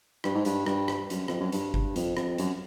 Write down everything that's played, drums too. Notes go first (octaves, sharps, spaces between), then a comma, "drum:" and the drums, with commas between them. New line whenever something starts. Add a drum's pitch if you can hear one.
G2, drum: rim click
G#2
G2, drum: hi-hat
G2, drum: rim click
drum: rim click
F#2, drum: hi-hat
F2, drum: rim click
F#2
G2, drum: hi-hat
drum: kick G1
F2, drum: hi-hat
F2, drum: rim click
F#2, drum: hi-hat